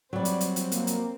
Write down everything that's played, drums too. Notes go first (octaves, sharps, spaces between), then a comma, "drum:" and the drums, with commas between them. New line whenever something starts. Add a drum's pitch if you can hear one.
E3 F#3 G3 C4 D5
drum: hi-hat
drum: hi-hat
drum: hi-hat
A#3, drum: hi-hat
drum: hi-hat